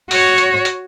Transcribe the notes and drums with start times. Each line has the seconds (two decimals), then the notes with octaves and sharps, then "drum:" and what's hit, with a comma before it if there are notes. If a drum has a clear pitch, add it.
0.11 F#4 C#5, drum: open hi-hat
0.38 drum: hi-hat
0.65 drum: hi-hat